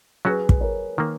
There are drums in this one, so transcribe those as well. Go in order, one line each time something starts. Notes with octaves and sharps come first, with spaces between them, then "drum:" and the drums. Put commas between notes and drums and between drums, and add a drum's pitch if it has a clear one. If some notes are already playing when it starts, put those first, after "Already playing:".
F#3 C#4 F#4 G#4 B4
drum: kick
A#4 C#5
D#3 A#3